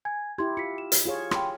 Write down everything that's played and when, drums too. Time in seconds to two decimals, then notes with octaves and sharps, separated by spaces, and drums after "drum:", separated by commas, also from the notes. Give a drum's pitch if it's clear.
0.05 G#5 G#6
0.38 E4 G4 C6 G#6
0.57 F4 B6 C#7
0.78 E7
0.92 drum: hi-hat
1.05 F4 G#4 C#5
1.31 G5 B5 C6, drum: rim click